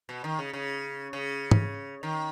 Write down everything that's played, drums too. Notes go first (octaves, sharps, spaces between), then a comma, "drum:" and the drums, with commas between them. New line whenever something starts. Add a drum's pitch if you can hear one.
B2
D#3
C#3
C#3
C#3
drum: tom
D#3